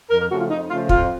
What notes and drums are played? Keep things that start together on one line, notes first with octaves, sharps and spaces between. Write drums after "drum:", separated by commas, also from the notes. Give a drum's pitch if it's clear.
F2 A#4
A#4
C#3 F3 A3 F#4
F4
F2 D#4
C#3 F3 A3 F4
F2 F4, drum: kick